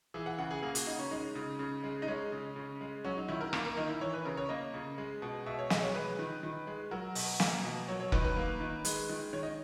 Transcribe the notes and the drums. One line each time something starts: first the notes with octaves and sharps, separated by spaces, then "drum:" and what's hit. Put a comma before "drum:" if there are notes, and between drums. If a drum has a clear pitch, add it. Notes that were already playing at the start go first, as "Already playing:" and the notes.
E3 G#4
F#5
C#3 F#5
G#4
A#3 G#4
F#4, drum: hi-hat
C#3 D#4
C#4
G#3 D#4
C#3
C#3
G#3
D#4
G#3 C#4
C#3
C#3
G#3
F#3 C#4
D#4
D#3 E4
A#4
A#3 A#4, drum: rim click
A#4
D#3 D#4
E4
E3 C#5
B4
C#3 A#4
C#5
A#3 D#5
C#3
G#3
B2
B2 E5
C#5
G#3 D#5, drum: snare
C#5
G#3 B4
D#3
D#3
G#3
F#3 A#4
B2, drum: open hi-hat
A#3, drum: snare
B2
F#3 C#5
C#5
D#3 B4, drum: kick F1
B4
A#3
D#3
G#3, drum: hi-hat
D#3
D#3 C#5
D#5